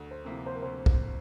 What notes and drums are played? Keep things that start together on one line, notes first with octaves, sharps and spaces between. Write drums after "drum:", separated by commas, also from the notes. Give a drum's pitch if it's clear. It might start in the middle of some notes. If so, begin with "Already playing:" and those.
Already playing: D2
C5
C3 F3 A#3 E4
C5
A#4
D2 C5
drum: kick